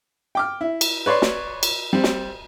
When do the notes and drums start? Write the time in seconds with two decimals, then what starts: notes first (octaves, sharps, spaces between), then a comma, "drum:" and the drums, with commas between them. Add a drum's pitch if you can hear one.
0.35 G5 D6 F6
0.61 E4
0.81 drum: cymbal
1.06 B4 C#5 D5 C6
1.22 drum: snare
1.63 drum: cymbal
1.93 G3 C4
2.04 drum: snare